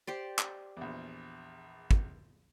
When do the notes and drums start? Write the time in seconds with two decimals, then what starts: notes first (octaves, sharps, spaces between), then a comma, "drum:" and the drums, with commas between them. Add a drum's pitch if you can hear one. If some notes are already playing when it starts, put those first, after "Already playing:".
0.07 G4 C5 D5
0.39 drum: clap
0.77 A#1 E2
1.91 drum: kick